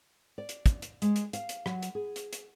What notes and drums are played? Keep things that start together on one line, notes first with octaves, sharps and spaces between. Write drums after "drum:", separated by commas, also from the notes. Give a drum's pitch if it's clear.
D5
drum: hi-hat
drum: kick, hi-hat
drum: hi-hat
G#3, drum: hi-hat
drum: hi-hat
F5, drum: hi-hat
drum: hi-hat
F#3, drum: rim click
drum: hi-hat
G#4
drum: hi-hat
drum: hi-hat